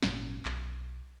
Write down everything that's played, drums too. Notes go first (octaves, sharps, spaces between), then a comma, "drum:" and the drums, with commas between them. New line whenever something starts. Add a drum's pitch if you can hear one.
G#1 F2 A#2 C#4, drum: snare
B1, drum: clap